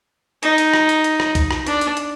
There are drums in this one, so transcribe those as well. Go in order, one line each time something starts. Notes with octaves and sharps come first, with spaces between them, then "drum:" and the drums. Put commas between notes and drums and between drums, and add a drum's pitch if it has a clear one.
D#4, drum: hi-hat
drum: hi-hat
drum: rim click
drum: hi-hat
drum: hi-hat
drum: rim click
drum: kick C2, hi-hat
drum: rim click
D4, drum: hi-hat
drum: hi-hat
drum: hi-hat